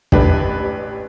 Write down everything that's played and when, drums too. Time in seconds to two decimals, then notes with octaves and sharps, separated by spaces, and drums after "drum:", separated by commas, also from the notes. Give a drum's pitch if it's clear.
0.12 A1 D4 G4 B4, drum: kick